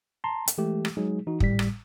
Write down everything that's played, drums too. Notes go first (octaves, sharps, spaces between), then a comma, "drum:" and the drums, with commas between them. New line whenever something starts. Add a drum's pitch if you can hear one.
A5 A#5 C6
drum: hi-hat
E3 G#3 A3 G4
drum: rim click
F#3 G#3 D#4 G#4
E3 D#4 F#4
G#1 A2 G3 B6, drum: kick
drum: rim click